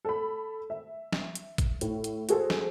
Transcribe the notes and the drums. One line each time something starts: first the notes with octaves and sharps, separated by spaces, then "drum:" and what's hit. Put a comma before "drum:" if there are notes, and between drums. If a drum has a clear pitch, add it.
A4 B5
E5
drum: snare
drum: hi-hat
drum: kick, hi-hat
A2, drum: hi-hat
drum: hi-hat
F#4 G#4 A4 C5, drum: hi-hat
drum: snare